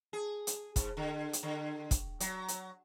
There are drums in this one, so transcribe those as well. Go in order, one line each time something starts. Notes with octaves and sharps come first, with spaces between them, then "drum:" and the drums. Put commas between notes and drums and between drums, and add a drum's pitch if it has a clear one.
G#4
drum: hi-hat
G#2, drum: kick, hi-hat
D3
drum: hi-hat
D3
drum: kick, hi-hat
F#3, drum: hi-hat
drum: hi-hat